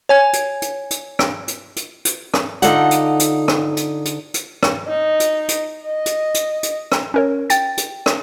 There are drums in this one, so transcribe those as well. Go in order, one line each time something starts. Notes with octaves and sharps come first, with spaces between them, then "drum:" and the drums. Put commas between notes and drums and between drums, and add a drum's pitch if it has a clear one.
C#5 G#5 G#6
drum: hi-hat
drum: hi-hat
drum: hi-hat
drum: rim click
drum: hi-hat
drum: hi-hat
drum: hi-hat
drum: rim click
D3 D#4 F4 A4 D5 F#5, drum: hi-hat
drum: hi-hat
drum: hi-hat
drum: rim click
drum: hi-hat
drum: hi-hat
drum: hi-hat
drum: rim click
D#4
drum: hi-hat
drum: hi-hat
D#5
drum: hi-hat
drum: hi-hat
drum: hi-hat
drum: rim click
C#4 A#4 C#5
G5 A6, drum: hi-hat
drum: hi-hat
drum: rim click